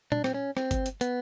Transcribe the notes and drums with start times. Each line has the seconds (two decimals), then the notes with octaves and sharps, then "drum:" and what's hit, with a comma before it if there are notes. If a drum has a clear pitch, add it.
0.12 D4, drum: tom A#2
0.24 C4, drum: rim click
0.34 C#4
0.57 C4, drum: rim click
0.71 drum: kick G1, hi-hat
0.86 drum: hi-hat
1.01 B3, drum: hi-hat